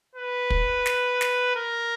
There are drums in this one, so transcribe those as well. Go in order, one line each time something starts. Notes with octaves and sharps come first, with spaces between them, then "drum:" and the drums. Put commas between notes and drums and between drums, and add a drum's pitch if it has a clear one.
B4
drum: kick
drum: snare
drum: snare
A#4